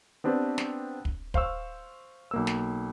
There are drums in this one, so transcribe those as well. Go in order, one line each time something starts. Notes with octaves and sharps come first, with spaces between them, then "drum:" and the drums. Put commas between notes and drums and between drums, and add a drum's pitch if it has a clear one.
B3 C4 D4 G4 B4
drum: snare
drum: kick
C5 F5 C#6 E6, drum: kick
B1 A#3 E6
drum: snare